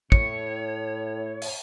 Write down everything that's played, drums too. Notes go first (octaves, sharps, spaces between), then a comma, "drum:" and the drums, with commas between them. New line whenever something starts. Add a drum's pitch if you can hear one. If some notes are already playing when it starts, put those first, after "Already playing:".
A2 C#5 C#7, drum: kick
drum: open hi-hat